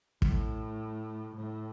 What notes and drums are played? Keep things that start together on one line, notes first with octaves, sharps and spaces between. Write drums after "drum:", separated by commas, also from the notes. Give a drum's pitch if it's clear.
A2, drum: kick
A2